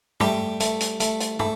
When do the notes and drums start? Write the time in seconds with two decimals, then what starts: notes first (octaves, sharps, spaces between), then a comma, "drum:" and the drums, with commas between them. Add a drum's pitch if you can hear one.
0.20 G3 A3 G4, drum: tom
0.60 A3, drum: hi-hat
0.80 drum: hi-hat
1.00 A3, drum: hi-hat
1.20 drum: hi-hat
1.39 A3, drum: tom